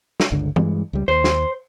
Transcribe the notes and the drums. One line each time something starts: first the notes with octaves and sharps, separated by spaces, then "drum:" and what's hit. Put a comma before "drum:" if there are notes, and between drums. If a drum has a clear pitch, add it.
drum: snare
G1 C#2 D3
G2 E3 G#3, drum: tom
C#2 G3
D#2 C5
drum: snare